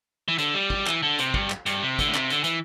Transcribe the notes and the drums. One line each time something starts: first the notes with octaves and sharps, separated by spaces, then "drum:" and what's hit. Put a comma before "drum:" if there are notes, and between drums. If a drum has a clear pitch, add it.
E3
D3, drum: hi-hat
G3
drum: kick
E3, drum: clap
D3
C3, drum: hi-hat
G2, drum: kick
drum: clap
G2, drum: hi-hat
C3
D3, drum: kick, hi-hat
A2
C3, drum: clap
D3, drum: hi-hat
E3, drum: hi-hat